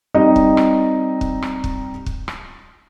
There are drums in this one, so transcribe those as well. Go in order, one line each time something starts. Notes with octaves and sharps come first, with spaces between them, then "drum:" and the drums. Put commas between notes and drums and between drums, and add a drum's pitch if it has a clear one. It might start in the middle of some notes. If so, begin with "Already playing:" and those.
G3 C4 D#4 D#5
drum: kick
drum: rim click
drum: kick
drum: rim click
drum: kick
drum: kick
drum: rim click